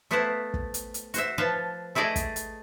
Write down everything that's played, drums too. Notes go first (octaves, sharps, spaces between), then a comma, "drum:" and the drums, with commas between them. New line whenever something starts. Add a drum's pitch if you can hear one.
A3 B3 E4 C5 F5 F#5
drum: kick
drum: hi-hat
drum: hi-hat
F#4 C5 E5, drum: hi-hat
F3 F4 B4 C#5 A5
A3 E4 G#4 D5 D#5
drum: kick, hi-hat
drum: hi-hat